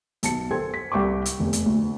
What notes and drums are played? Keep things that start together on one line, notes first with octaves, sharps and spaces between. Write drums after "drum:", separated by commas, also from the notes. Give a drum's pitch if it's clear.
B1 A5 C#7, drum: hi-hat
A4 C5 G5 G#5 C6 G#6
B6
C2 G5 C#6 D6
drum: hi-hat
F1 E2
drum: hi-hat
D2